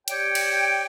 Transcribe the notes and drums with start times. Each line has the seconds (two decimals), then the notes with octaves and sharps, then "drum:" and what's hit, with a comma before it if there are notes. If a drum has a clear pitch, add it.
0.08 G4 C#5 D5 G5, drum: hi-hat
0.35 drum: cymbal